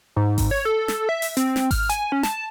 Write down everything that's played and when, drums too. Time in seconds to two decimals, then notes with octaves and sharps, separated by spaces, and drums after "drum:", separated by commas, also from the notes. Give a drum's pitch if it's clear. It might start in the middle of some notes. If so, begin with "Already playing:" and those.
0.16 G#2
0.38 drum: kick G#1, open hi-hat
0.51 C#5
0.65 A4
0.88 drum: snare
1.09 E5
1.22 drum: open hi-hat
1.37 C4, drum: hi-hat
1.56 drum: snare
1.71 F6, drum: kick G#1, open hi-hat
1.89 G#5, drum: hi-hat
2.12 C#4
2.23 A5, drum: snare